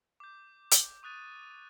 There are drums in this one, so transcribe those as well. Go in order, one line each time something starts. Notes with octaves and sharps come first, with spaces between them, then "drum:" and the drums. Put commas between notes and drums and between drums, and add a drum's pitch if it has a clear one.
D6 G6
drum: hi-hat
C#6 D#6 F#6 A6 D#7